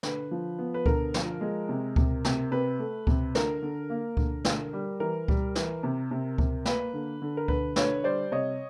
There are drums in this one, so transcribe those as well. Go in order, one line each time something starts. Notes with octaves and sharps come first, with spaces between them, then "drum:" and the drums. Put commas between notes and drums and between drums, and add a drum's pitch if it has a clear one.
D3 B4, drum: snare
F3
B3
B4
D3 A#4, drum: kick C#2
F3, drum: snare
G#3
C3
C3, drum: kick C#2
C3, drum: snare
C3 B4
A3
C3, drum: kick C#2
D3 A#4, drum: snare
D3
A#3
D3, drum: kick C#2
D3, drum: snare
G3
E3 A#4
G3, drum: kick C#2
E3, drum: snare
C3
C3
C3, drum: kick C#2
A#3 B4, drum: snare
D3
D3
A#4
D3 B4, drum: kick C#2
D3 B4 C#5, drum: snare
G3 C5 D5
C3 C#5 D#5